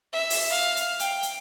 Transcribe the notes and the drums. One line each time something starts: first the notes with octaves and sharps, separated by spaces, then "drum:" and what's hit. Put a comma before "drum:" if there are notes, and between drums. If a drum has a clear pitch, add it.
E5
drum: open hi-hat
F5
drum: hi-hat
G5, drum: hi-hat
drum: hi-hat